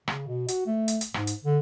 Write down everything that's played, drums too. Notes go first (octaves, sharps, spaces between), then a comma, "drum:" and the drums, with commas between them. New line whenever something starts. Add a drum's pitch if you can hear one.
C#3, drum: rim click
B2
F#4, drum: hi-hat
A3
drum: hi-hat
drum: hi-hat
G#2, drum: rim click
drum: hi-hat
D3